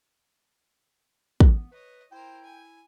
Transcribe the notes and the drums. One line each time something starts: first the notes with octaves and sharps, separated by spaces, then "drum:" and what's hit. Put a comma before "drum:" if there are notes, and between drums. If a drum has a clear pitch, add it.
B3, drum: kick
B4 C#5 D#5
E4 A#4 C5 G5
G#5